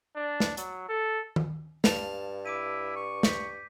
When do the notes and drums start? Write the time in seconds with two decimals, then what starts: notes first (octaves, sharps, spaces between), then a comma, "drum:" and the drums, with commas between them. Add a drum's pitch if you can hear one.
0.16 D4
0.40 drum: snare
0.57 F#3, drum: hi-hat
0.89 A4
1.36 drum: tom D#3
1.84 G2 F5 A5, drum: snare
2.46 E4 D6 D7 D#7
2.96 C#6
3.23 G6 B6, drum: snare